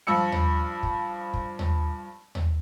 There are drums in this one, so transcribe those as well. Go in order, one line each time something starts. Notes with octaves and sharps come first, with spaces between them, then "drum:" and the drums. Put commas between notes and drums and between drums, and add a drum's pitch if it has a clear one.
G2 F3 E6 C#7
drum: tom D#2
drum: kick
drum: kick
drum: tom D#2
drum: tom D#2